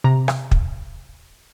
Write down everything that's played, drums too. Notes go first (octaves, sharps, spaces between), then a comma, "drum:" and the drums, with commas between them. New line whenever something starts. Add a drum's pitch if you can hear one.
C3 A#5
drum: rim click
drum: kick